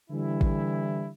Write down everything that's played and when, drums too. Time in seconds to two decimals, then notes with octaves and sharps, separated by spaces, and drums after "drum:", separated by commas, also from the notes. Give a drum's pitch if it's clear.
0.11 D3 E3 G3 E4
0.41 drum: kick G#1